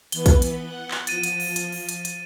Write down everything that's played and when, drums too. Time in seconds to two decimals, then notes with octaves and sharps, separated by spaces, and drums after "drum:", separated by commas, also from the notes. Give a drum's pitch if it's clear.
0.12 E3 B3 B4 G7, drum: hi-hat
0.26 drum: kick, hi-hat
0.42 drum: hi-hat
0.66 F#5
0.91 drum: clap
1.07 F3 A6 D#7, drum: hi-hat
1.23 drum: hi-hat
1.40 drum: open hi-hat
1.56 drum: hi-hat
1.72 drum: open hi-hat
1.89 drum: hi-hat
2.05 drum: hi-hat